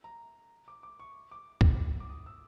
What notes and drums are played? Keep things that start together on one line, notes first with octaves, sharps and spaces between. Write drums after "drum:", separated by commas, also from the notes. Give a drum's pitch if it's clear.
A#5
D6
D6
C#6
D6
drum: kick
D6
D#6
E6